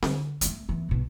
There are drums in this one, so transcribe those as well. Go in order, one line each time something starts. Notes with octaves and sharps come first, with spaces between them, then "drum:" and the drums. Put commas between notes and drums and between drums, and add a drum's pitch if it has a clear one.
D3, drum: snare C4
G#3 A3, drum: hi-hat
E3 B3
B1 B2